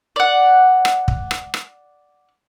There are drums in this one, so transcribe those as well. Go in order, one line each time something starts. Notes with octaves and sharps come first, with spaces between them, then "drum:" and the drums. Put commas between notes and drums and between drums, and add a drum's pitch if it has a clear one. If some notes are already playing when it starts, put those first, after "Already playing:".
D5 F#5
drum: rim click
drum: kick
drum: rim click
drum: rim click